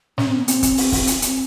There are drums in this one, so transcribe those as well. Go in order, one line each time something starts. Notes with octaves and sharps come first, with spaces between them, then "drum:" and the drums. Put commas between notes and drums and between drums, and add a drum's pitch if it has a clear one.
C#4, drum: snare
C4
B3
C4, drum: hi-hat
drum: kick, hi-hat
drum: open hi-hat
drum: kick, open hi-hat
drum: hi-hat
drum: hi-hat